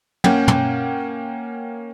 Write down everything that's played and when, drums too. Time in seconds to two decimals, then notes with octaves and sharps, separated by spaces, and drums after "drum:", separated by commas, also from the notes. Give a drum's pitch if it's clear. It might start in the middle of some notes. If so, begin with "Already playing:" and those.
0.24 A#3 C#4 F#5 G5, drum: tom
0.48 drum: tom